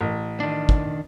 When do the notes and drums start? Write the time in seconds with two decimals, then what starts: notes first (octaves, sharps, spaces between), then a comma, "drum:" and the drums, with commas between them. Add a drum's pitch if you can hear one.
0.01 A1
0.40 D#3 D4
0.69 drum: kick